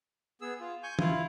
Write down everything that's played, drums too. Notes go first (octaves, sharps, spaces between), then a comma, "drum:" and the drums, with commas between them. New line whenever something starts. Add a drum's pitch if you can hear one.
B3 G#4 E6
F4
G#5 C#6 G6
E4 F4, drum: tom